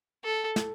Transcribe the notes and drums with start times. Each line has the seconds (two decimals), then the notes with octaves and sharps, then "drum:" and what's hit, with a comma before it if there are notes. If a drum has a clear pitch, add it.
0.24 A4
0.56 drum: snare